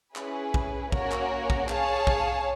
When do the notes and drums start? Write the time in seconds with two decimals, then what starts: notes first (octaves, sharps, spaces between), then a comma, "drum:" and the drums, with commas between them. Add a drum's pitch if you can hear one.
0.16 C#4 E4 G#4 B4, drum: clap
0.54 drum: kick
0.92 A#3 C#4 F#4 A#4 C#5, drum: kick
1.12 drum: clap
1.50 drum: kick
1.69 G#4 C#5 F5 A5, drum: clap
2.07 drum: kick